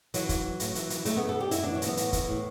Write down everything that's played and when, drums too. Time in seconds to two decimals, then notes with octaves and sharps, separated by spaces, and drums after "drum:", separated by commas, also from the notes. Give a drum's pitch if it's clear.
0.14 E3 F#3, drum: hi-hat
0.29 E3, drum: kick, hi-hat
0.44 E3
0.60 A2, drum: hi-hat
0.75 E3, drum: hi-hat
0.90 E3, drum: hi-hat
1.05 C#3 A3, drum: hi-hat
1.17 F#2 B3
1.29 A4
1.36 C#3 G4
1.51 F#2 E4, drum: hi-hat
1.64 E3 D4
1.75 C#4
1.82 E3 B3, drum: hi-hat
1.97 A2, drum: hi-hat
2.13 E3, drum: kick, hi-hat
2.29 A2